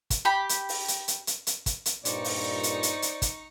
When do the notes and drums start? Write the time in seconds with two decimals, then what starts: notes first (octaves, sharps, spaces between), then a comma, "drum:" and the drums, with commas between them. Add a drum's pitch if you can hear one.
0.10 drum: kick, hi-hat
0.25 G4 B5
0.49 drum: hi-hat
0.69 drum: open hi-hat
0.88 drum: hi-hat
1.08 drum: hi-hat
1.27 drum: hi-hat
1.47 drum: hi-hat
1.66 drum: kick, hi-hat
1.86 drum: hi-hat
2.05 G2 A#2 D#4 C5 D5 C#6, drum: hi-hat
2.24 drum: open hi-hat
2.63 drum: hi-hat
2.83 drum: hi-hat
3.02 drum: hi-hat
3.22 drum: kick, hi-hat